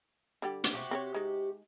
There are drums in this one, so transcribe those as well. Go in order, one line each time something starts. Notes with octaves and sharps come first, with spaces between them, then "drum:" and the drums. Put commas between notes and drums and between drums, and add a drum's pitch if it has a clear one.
D3 G3 G4
drum: hi-hat
C3 F#4 G4
C4 A#4 C#5
G#3 D#4